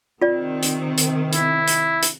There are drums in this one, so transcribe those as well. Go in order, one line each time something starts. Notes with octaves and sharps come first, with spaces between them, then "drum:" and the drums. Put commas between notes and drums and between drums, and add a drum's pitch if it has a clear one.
C3 D#3 C4 F4 D5
drum: hi-hat
drum: hi-hat
E4, drum: hi-hat
drum: hi-hat
drum: hi-hat